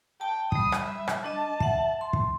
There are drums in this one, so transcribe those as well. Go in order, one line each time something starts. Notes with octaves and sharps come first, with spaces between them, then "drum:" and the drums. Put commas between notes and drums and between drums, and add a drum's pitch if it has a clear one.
G5 A5
G3 B5 D#6, drum: kick
drum: rim click
E5
drum: rim click
D4 D#5 A5
E5 F#5, drum: kick
C6
drum: kick